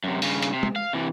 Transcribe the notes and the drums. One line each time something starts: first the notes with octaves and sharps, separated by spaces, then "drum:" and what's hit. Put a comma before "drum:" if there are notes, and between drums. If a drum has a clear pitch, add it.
F#2 C3
G2 C#3, drum: open hi-hat
drum: hi-hat
C3
drum: tom
F5
C3 E3